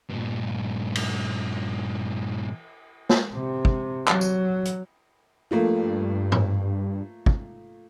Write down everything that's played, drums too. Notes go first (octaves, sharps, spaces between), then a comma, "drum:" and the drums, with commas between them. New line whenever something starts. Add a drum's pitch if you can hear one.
G2 A#2
drum: cymbal
drum: snare
C3
drum: kick
F#3, drum: clap
drum: tambourine
drum: hi-hat
G2 F3 A3 A#3
drum: tom G#2
drum: kick